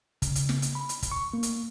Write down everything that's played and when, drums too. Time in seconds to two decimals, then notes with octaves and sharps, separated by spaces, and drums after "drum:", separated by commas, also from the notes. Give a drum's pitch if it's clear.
0.22 C#3, drum: kick, hi-hat
0.35 drum: hi-hat
0.49 drum: snare
0.62 drum: hi-hat
0.75 B5
0.89 drum: hi-hat
1.02 drum: kick, hi-hat
1.11 C#6
1.34 A#3
1.43 drum: hi-hat